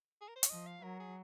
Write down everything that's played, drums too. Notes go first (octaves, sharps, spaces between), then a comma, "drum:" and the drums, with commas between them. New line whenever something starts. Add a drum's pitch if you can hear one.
G#4
A#4
C5
C#5, drum: hi-hat
F3 D#5
F5
F#3 A#4
G#4